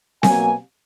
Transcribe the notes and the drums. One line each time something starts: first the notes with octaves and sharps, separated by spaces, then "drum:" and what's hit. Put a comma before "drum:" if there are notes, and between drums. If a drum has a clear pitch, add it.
B2 F#3 A#3 G#5, drum: snare C4